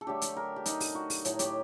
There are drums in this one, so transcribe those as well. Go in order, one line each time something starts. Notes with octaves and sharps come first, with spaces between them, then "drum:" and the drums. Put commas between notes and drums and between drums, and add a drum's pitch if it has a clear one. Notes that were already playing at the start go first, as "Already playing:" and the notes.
A4
D3 F#3 A3 G4
drum: hi-hat
A#4
G4
D#4, drum: hi-hat
drum: open hi-hat
F#4
drum: open hi-hat
A2 F#3 A3, drum: hi-hat
G4, drum: hi-hat